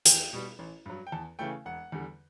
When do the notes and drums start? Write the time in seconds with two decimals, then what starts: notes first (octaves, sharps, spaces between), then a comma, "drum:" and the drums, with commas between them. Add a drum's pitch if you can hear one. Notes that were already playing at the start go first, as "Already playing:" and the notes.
0.05 E2 G5, drum: hi-hat
0.33 B2 G3
0.59 A1
0.86 G2 F#3
1.07 G5
1.12 E2 A5
1.39 C#3 E3 A3 G5
1.65 E1 F#5
1.92 E2 D3 G3